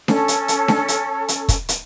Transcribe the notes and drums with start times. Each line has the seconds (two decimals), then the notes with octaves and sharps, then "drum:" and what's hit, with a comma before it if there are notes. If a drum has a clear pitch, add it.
0.08 C#4 A4, drum: snare D4
0.28 drum: hi-hat
0.48 drum: hi-hat
0.68 drum: snare D4
0.88 drum: hi-hat
1.28 drum: hi-hat
1.48 drum: kick, hi-hat
1.69 drum: hi-hat